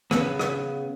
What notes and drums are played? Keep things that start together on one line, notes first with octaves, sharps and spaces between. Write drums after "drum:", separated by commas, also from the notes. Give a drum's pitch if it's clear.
C#3 B3, drum: rim click
drum: rim click